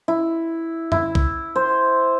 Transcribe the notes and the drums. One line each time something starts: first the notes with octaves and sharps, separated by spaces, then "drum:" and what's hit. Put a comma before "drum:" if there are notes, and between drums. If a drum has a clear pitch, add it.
E4
E4, drum: tom F2
drum: kick
C5